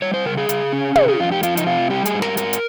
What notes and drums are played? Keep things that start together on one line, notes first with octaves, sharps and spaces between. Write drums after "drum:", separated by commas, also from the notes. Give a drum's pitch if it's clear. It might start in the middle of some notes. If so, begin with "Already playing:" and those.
G3 C#5
C5
C#3 A#4
G#4
C#3, drum: hi-hat
C#4
C3 G#4, drum: tom
G#4
F2 F4
G4
F3 F4, drum: hi-hat
D#4, drum: hi-hat
C3 F4
G3 G4
G#4, drum: hi-hat
G#2
A#4, drum: snare
G#2 A#4, drum: hi-hat
drum: hi-hat